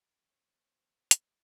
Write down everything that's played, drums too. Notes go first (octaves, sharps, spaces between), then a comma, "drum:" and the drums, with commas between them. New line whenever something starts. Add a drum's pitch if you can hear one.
E2 C5 C#5
drum: hi-hat